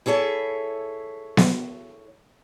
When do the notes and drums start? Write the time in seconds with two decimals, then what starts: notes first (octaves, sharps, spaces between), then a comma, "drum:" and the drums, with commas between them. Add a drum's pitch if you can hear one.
0.06 E4 G#4 A4 C#5 E5
1.37 drum: snare B3